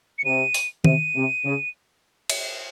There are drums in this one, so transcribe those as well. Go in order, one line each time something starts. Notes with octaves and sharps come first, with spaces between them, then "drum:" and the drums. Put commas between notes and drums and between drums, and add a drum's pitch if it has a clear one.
C#7
C3 D#7
drum: open hi-hat
C3 D#7, drum: tom D#3
C3
C#3
drum: cymbal